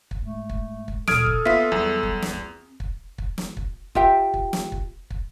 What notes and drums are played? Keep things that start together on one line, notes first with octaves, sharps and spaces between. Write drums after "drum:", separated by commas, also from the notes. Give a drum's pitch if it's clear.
drum: kick
G#2 A3
drum: kick
drum: kick
D1 A#2 A4 D#6 F6 G#6 D7, drum: snare
drum: kick
A#3 B3 F4 E5 B6
E2 F#3 G3
drum: kick
drum: snare
C4
drum: kick
drum: kick
drum: snare
drum: kick
F4 G4 E5 G5, drum: kick
drum: kick
drum: snare
drum: kick
drum: kick